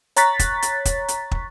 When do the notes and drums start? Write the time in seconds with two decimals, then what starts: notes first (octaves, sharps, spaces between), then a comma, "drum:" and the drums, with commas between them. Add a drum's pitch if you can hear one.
0.16 C#5 A#5 C#6 F#6 A6 B6, drum: hi-hat
0.39 drum: kick, hi-hat
0.62 drum: hi-hat
0.85 drum: kick, hi-hat
1.08 drum: hi-hat
1.31 drum: kick